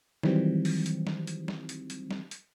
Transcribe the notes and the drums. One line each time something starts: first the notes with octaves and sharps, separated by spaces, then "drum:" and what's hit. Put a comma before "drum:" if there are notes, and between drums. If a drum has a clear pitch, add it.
D#3 E3 F#3 G3 C4, drum: snare
drum: open hi-hat
drum: hi-hat
drum: snare
drum: hi-hat
drum: snare
drum: hi-hat
drum: hi-hat
drum: snare
drum: hi-hat